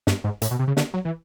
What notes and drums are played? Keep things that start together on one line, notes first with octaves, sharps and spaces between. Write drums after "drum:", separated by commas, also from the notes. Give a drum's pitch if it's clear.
G2, drum: snare
G#2
A2, drum: hi-hat
B2
C3
C#3
D3, drum: snare
F#3
E3